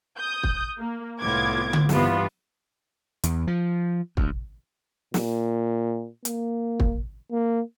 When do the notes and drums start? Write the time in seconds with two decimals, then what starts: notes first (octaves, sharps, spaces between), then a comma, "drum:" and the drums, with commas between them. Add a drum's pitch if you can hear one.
0.18 D#6 G6
0.43 drum: kick
0.79 A#3
1.21 C2 A2 B3 F4 D6 G#6
1.73 drum: tom D3
1.89 G2 C3 E3 G3 B3 F4, drum: snare
3.23 E2, drum: hi-hat
3.47 F3
4.17 D2, drum: kick
5.14 A#2, drum: snare
6.25 A#3, drum: hi-hat
6.80 drum: kick
7.32 A#3